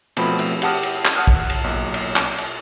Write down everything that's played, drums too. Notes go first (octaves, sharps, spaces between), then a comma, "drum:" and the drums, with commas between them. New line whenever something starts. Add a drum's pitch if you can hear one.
B2 F3 A3 C4 B5, drum: cymbal
drum: cymbal
G4 F#5 A5 D#6 F6, drum: cymbal
drum: cymbal
drum: clap
F#5 A5 D#6 F6 F#6
drum: kick
drum: cymbal
B1 A#2
drum: cymbal
drum: clap
drum: cymbal